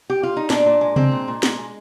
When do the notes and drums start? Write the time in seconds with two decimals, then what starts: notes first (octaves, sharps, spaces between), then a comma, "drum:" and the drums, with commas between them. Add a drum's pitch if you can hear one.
0.10 G4
0.23 F4
0.37 D#4
0.50 A#2 D4, drum: snare
0.66 A#2
0.81 G#3
0.96 G#3 C4, drum: tom C3
1.12 A#2
1.28 A#2
1.43 G#3, drum: snare
1.58 G#3